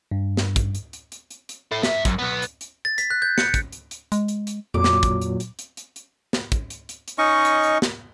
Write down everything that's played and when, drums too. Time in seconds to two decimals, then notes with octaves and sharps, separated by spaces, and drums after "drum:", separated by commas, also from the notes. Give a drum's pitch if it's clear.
0.11 G2
0.37 drum: snare
0.56 drum: kick, hi-hat
0.75 drum: hi-hat
0.93 drum: hi-hat
1.12 drum: hi-hat
1.30 drum: hi-hat
1.49 drum: hi-hat
1.71 E4 A4
1.83 G2 E5, drum: snare
2.05 F#2, drum: kick, hi-hat
2.19 B1 B3
2.42 drum: hi-hat
2.61 drum: hi-hat
2.85 A6
2.98 B6, drum: hi-hat
3.10 F#6
3.22 G6
3.38 C#7, drum: snare
3.54 drum: kick, hi-hat
3.73 drum: hi-hat
3.91 drum: hi-hat
4.12 G#3, drum: hi-hat
4.28 drum: hi-hat
4.47 drum: hi-hat
4.74 F2 A#2 F#3 D6
4.84 drum: snare
5.03 drum: kick, hi-hat
5.21 drum: hi-hat
5.40 drum: hi-hat
5.59 drum: hi-hat
5.77 drum: hi-hat
5.96 drum: hi-hat
6.33 drum: snare
6.52 drum: kick, hi-hat
6.70 drum: hi-hat
6.89 drum: hi-hat
7.08 drum: hi-hat
7.18 C#4 D#4 D#5 C#6
7.45 drum: hi-hat
7.63 drum: hi-hat
7.82 drum: snare